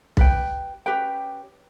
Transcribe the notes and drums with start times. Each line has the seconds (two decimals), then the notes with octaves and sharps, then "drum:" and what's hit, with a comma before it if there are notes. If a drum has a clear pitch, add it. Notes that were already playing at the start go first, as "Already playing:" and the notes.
0.17 G4 B4 G5, drum: kick B1
0.86 C#4 G4 B4 G5